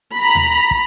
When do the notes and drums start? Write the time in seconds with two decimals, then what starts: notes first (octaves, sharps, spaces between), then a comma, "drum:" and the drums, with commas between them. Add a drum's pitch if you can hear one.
0.17 A#5 B5
0.35 drum: tom D#2
0.71 drum: kick